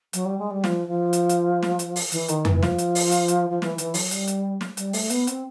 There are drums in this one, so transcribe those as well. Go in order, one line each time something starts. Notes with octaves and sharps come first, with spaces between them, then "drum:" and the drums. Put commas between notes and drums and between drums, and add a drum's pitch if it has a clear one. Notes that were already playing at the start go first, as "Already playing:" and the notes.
F#3, drum: hi-hat
G3
G#3
G3
F3, drum: snare
F3
drum: hi-hat
drum: hi-hat
drum: snare
drum: hi-hat
drum: open hi-hat
E3, drum: hi-hat
D#3, drum: hi-hat
E3, drum: tom F2
E3
F3, drum: snare
drum: hi-hat
drum: open hi-hat
drum: hi-hat
drum: hi-hat
F3
E3, drum: snare
E3, drum: hi-hat
F#3, drum: open hi-hat
G3, drum: hi-hat
drum: hi-hat
drum: snare
G3, drum: hi-hat
A3, drum: open hi-hat
B3, drum: hi-hat
C4, drum: hi-hat